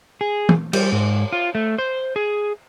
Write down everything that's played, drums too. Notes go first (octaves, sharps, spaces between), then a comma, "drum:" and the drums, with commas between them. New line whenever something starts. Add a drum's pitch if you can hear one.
G#4
drum: tom
G3, drum: cymbal
G#2
F4
A3
C5
G#4